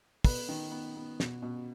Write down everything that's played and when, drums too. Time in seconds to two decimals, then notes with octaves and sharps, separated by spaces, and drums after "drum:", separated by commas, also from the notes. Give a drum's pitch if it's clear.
0.24 B3 B4, drum: kick, open hi-hat
0.49 D#3
0.71 B3
0.96 B3
1.20 B2, drum: snare
1.42 B2